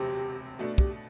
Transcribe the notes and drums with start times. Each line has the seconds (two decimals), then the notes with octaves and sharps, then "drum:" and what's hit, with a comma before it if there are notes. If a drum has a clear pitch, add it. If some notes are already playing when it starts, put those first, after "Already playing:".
Already playing: E1 D2 C3 F#3 C4 G4
0.59 B2 A3 D4 F#4
0.78 G4, drum: kick